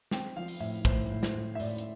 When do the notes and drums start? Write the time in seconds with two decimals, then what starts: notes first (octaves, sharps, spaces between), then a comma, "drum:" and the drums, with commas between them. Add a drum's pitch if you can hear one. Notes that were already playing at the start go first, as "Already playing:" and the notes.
0.11 C4 G5, drum: snare
0.36 F3 F5
0.48 drum: open hi-hat
0.60 A2 E5
0.85 A2 C5, drum: kick, hi-hat
1.11 A2
1.23 C5, drum: snare
1.34 A2
1.55 E5
1.60 A2 D5, drum: open hi-hat
1.78 drum: hi-hat